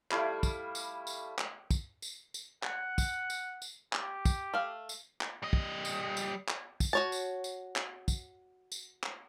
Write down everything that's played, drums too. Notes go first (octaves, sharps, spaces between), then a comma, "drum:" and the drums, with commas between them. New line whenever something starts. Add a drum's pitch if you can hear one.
G3 A3 E4 F5, drum: clap
drum: kick, tambourine
drum: tambourine
drum: tambourine
drum: clap
drum: kick, tambourine
drum: tambourine
drum: tambourine
F#5, drum: clap
drum: kick, tambourine
drum: tambourine
drum: tambourine
G4, drum: clap
drum: kick, tambourine
A3 F5
drum: tambourine
drum: clap
G3 D#5
drum: kick
drum: tambourine
drum: tambourine
drum: clap
drum: kick, tambourine
F#4 C#5 A5
drum: tambourine
drum: tambourine
drum: clap
drum: kick, tambourine
drum: tambourine
drum: clap